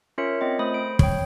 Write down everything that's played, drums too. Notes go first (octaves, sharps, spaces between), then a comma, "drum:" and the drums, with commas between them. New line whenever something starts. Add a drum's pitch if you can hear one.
C#4 F4 A#4 C#5 E5 C#7
C4 F4 D#5
A3 C5 B5 D#6
D7
C#5 G5, drum: kick